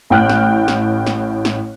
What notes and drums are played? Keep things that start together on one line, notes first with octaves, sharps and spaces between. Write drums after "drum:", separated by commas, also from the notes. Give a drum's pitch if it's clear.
A1 A2 G5 F6 F#6
drum: snare
drum: snare
drum: snare
drum: snare